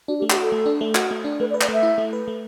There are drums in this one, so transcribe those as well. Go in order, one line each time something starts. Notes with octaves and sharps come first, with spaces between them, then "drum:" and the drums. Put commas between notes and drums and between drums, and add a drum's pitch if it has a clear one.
D4 F#4
G4
A3
G4, drum: clap
F#4 A4
A3
D4
A3
F#4, drum: clap
A3
D4
A3 B4
D5
B4
D5, drum: clap
A3 E5
E4
A3
B4
A3